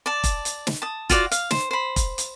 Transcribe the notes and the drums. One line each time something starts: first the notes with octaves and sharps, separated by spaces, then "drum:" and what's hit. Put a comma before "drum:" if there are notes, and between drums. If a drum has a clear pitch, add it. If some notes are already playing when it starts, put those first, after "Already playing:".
D5 A5
drum: kick F1, hi-hat
drum: hi-hat
drum: snare
A5 D#6
F4 F#4 D5, drum: kick F1, hi-hat
F5, drum: hi-hat
C5, drum: snare
C5 B5
drum: kick F1, hi-hat
drum: hi-hat